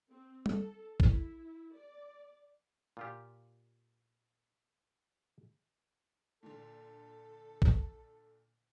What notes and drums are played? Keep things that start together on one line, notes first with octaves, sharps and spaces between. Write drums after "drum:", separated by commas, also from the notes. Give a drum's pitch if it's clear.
C4
A4, drum: tom G3
E4, drum: kick
D5
A#2 F4 G4
A#2 D3 A4
drum: kick